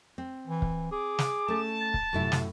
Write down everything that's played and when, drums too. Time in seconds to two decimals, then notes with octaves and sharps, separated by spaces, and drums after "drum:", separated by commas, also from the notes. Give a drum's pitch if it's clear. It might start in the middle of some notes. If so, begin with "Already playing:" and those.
0.18 C4
0.47 E3
0.62 drum: kick
0.92 G#4 D6
1.19 drum: snare
1.48 A3 C#4 A5
1.80 A6
1.94 drum: kick
2.13 F#2 A2 C3 E4
2.32 drum: snare